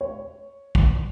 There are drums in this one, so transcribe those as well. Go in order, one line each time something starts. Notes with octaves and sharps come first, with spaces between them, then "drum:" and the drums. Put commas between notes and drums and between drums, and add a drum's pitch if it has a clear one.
C#5
drum: kick